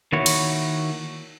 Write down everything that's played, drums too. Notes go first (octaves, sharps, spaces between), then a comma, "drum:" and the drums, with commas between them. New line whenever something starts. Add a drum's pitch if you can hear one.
D#3 A#3 E4 F#4 C#5
drum: cymbal